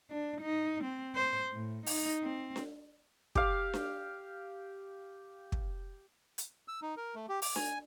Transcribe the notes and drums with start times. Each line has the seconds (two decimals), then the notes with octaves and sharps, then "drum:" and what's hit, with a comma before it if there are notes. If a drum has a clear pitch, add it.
0.11 D4
0.41 D#4
0.84 C4
1.15 C5
1.53 A2
1.86 D#4, drum: open hi-hat
2.23 C4
2.56 drum: snare D4
3.35 G4 F5, drum: kick
3.73 drum: snare D4
5.52 drum: kick
6.38 drum: hi-hat
6.68 E6
6.82 D#4
6.97 A#4
7.15 A3
7.29 G4
7.42 D6, drum: open hi-hat
7.56 G#5, drum: snare D4